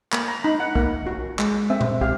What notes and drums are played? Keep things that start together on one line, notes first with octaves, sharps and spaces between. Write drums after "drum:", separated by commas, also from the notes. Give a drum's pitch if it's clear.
A#3 B5, drum: clap
A#5
D#4 B5
F#5
A#3, drum: kick
F#4
G#3, drum: clap
C4 E5
drum: tom A#2
G4 F5, drum: kick